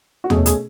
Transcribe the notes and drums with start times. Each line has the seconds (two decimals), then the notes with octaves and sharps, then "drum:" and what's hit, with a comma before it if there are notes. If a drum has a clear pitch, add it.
0.24 F#4
0.30 B2 A3 C#4 G#4, drum: tom
0.46 G#4, drum: hi-hat